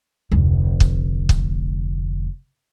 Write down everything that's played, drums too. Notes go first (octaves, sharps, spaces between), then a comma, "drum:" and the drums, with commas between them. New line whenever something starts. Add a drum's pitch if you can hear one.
F1 D2
drum: kick
drum: kick